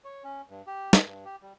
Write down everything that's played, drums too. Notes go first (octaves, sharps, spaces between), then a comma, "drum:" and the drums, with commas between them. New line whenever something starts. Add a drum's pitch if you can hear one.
C#5
C#4
G2
G4
D#3, drum: snare
G2
G4
G3